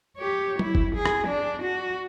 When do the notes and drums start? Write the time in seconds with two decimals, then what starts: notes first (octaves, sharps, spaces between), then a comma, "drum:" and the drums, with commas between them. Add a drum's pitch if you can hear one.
0.18 G4 C#5
0.59 E4, drum: tom F#3
0.75 drum: kick G1
0.95 G#4
1.06 drum: rim click
1.27 D4
1.62 F#4